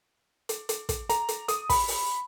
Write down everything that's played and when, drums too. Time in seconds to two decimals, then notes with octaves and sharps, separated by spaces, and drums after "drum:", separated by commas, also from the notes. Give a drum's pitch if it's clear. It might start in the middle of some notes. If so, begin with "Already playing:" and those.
0.49 drum: hi-hat
0.69 drum: hi-hat
0.89 drum: kick, hi-hat
1.09 A#5, drum: hi-hat
1.29 drum: hi-hat
1.48 D#6, drum: hi-hat
1.70 B5, drum: kick, open hi-hat
1.88 drum: open hi-hat